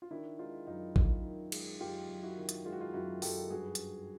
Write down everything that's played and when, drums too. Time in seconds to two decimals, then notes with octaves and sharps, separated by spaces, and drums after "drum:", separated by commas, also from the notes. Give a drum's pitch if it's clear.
0.02 F4
0.11 D#3 D4 E4
0.39 G#3 D#4 F4
0.67 F#2 D#4 F4
0.96 F#2, drum: kick
1.24 D#3
1.52 G#3, drum: cymbal
1.80 F#2 F4 G4
2.09 F#2
2.23 E4 F#4
2.37 D#3
2.49 drum: hi-hat
2.66 G#3 F4
2.72 F#4
2.80 D#4 F4
2.93 F#2 E4 F#4
3.22 F#2 G4 A4, drum: open hi-hat
3.50 G2 F#4 G#4
3.75 drum: hi-hat